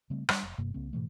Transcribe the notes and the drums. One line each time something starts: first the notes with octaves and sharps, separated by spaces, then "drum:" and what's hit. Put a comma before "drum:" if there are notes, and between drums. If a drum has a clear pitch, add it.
C#3 G3 A3 C4
G3 D4, drum: rim click
F1
G1 G2 C3 A#3
C2 C#3 A#3 C4
G#2 B2 E3 A3